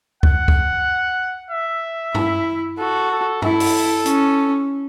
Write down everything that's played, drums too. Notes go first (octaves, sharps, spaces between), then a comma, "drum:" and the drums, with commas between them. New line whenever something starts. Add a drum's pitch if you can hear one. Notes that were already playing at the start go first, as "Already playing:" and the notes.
F#5, drum: kick C#2
drum: kick C#2
E5
E4, drum: tom G2
F#4 A4
A4
E4 A4, drum: tom G2
drum: open hi-hat
C#4, drum: hi-hat